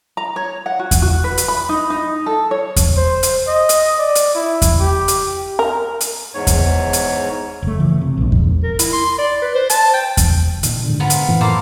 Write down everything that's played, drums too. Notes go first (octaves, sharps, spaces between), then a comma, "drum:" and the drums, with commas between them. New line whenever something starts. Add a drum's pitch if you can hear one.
A#5
C#5
F#5
F#4
drum: kick E2, hi-hat
F#4
B4
drum: hi-hat
B5
D#4
D#4
A4
C#5
drum: kick E2, hi-hat
C5
drum: hi-hat
D#5
drum: hi-hat
D5
drum: hi-hat
E4
drum: kick E2, hi-hat
G4
drum: hi-hat
A#4
drum: hi-hat
E2 G#2 C#5
drum: kick E2, hi-hat
drum: hi-hat
F#1 A3
C#3 E3 F3
C3
A#1 G#2
drum: kick E2
A#4
E4, drum: hi-hat
C6
D5
B4
C5
A5, drum: hi-hat
G5
drum: kick E2, hi-hat
A#2 D#3, drum: hi-hat
G#2 D3
F3 B3 A#5
drum: hi-hat
F#2 A2 E3
A#3 A4 C5